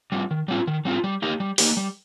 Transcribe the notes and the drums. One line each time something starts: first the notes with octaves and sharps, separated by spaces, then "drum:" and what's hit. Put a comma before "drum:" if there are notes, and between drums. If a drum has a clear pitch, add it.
G3 C4 F4
D#3
G3 C4 F4
D#3
G3 C4 F4
G3
A#3 D#4 G4
G3
A#3 D#4 G4, drum: open hi-hat
G3